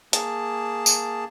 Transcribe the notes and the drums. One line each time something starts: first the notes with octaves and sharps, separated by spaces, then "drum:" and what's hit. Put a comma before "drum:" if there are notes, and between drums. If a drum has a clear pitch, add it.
A#3 G#4 A5, drum: hi-hat
drum: tambourine